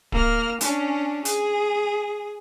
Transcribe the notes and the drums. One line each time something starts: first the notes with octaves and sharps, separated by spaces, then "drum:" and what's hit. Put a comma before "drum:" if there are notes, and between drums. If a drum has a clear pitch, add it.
A#3 F6, drum: kick D1
C#4 D4, drum: hi-hat
G#4, drum: hi-hat